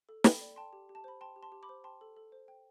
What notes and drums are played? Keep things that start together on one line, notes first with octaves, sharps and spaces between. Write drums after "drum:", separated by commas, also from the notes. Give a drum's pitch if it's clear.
A4
A4 G5 B5, drum: snare
D5
G5 A5 C6
G4
G4
A5
C5 B5
G5 A5 C6
G4
A5 C6
G4
B5 D6
C5
G5 A5 C6
A4
A4
C5
G5